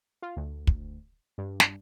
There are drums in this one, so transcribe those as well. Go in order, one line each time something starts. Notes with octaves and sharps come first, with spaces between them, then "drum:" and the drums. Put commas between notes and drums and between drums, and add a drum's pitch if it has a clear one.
F4
D2
drum: kick
G2
drum: snare